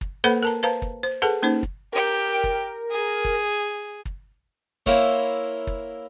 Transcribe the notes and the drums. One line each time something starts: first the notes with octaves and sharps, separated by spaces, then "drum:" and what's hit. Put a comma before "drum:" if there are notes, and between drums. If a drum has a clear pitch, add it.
drum: kick
A#3 A4 B4 C5 F#5 B5
A#4 A5 A#5
B4 C5 F5 A5 A#5
drum: kick
C5
G#4 A4 B4 F#5 A5
A#3 C#4 D#4 C5
drum: kick
G4 A#4 G5
drum: kick
G#4
drum: kick
drum: kick
A#3 E4 C5 C#5, drum: kick
drum: kick